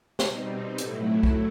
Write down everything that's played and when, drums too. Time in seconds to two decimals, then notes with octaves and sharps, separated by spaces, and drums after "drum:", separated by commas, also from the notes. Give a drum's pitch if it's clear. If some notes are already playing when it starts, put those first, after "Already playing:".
0.19 B2 G3 C4 D#4, drum: snare
0.78 A2 F#3 A3 E4, drum: hi-hat
1.23 drum: kick